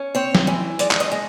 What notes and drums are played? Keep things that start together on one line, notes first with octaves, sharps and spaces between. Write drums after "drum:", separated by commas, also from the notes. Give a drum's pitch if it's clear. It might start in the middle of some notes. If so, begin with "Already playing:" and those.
Already playing: C#4
C4 C#5
drum: snare
E3
G#3 D5, drum: hi-hat
drum: clap
D#5
G#3